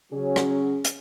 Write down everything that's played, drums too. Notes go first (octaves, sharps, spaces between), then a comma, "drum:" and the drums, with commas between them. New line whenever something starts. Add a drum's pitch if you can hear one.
C#3 F#3 C#4 G#4
drum: rim click
drum: hi-hat